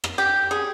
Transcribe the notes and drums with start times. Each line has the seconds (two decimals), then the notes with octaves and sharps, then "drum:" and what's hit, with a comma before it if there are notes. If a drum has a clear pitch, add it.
0.04 drum: rim click
0.18 G4
0.51 G#4